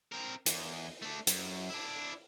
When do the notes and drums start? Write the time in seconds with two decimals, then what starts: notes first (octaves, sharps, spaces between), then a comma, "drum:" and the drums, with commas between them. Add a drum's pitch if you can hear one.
0.12 C4 A#4
0.46 E2, drum: hi-hat
1.02 A3 D4
1.27 F#2, drum: hi-hat
1.70 D4 E4